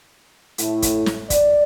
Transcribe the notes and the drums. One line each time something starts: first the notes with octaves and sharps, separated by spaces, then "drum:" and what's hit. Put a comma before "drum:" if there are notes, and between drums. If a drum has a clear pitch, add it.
A2 A3 E4, drum: hi-hat
drum: kick, hi-hat
drum: snare
D5, drum: kick, hi-hat